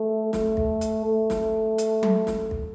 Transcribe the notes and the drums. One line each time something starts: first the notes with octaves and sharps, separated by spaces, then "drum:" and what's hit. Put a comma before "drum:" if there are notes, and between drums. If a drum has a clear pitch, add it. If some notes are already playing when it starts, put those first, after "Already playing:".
Already playing: A3
A3, drum: snare
drum: kick
drum: hi-hat
A3
drum: snare
drum: hi-hat
drum: tom F#3
drum: snare
drum: kick